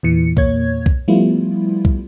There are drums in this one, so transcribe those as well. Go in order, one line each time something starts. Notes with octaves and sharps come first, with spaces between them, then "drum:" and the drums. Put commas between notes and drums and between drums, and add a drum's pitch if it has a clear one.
E2 A#2 E3 C#7
E2 A#2 A#3 C#5 G#6, drum: kick B1
drum: kick B1
F3 G3 A3 B3 E4 F4
drum: kick B1